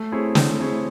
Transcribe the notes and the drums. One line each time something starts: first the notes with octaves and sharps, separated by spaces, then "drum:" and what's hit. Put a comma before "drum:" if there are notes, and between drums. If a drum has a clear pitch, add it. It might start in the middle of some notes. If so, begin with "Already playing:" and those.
Already playing: A3
C4 E4 G#4 C#5
A3, drum: snare
C4 E4 G#4 C#5